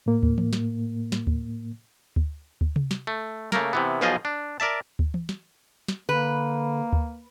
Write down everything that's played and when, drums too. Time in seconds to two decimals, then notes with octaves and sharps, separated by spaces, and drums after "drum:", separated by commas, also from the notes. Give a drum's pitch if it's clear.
0.06 A2 A#3
0.23 drum: kick D2
0.38 drum: tom E3
0.53 drum: snare
1.12 drum: snare
1.27 drum: kick D2
2.16 drum: kick D2
2.61 drum: kick D2
2.76 drum: tom C3
2.91 drum: snare
3.07 A3
3.52 C#3 A3 A#3 A#4, drum: snare
3.73 C3 E3 B3
4.01 B1 B2 F3 F4 G#4 D#5
4.25 D4
4.60 A#4 D5 E5 A5
4.99 drum: kick D2
5.14 drum: tom E3
5.29 drum: snare
5.88 drum: snare
6.09 D3 A#3 B4
6.93 drum: kick D2